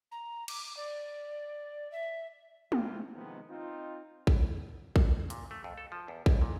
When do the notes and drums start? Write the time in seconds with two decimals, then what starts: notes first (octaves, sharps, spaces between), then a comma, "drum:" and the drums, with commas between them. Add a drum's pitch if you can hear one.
0.12 A#5
0.48 D6, drum: cymbal
0.77 D5
1.92 E5
2.72 C3 E3 F3 C4 F4, drum: tom
3.15 C3 D#3 F3 G#3 B3
3.50 C4 D#4 F4
4.27 drum: kick
4.96 drum: kick
5.30 A#2, drum: hi-hat
5.51 A3
5.64 F2
5.78 A4
5.92 F3
6.08 E2
6.26 B1, drum: kick
6.41 A#2